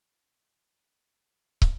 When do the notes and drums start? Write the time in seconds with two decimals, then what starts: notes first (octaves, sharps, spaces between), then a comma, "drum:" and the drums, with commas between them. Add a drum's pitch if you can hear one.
0.02 B3 D4
1.13 E3 B5
1.62 drum: kick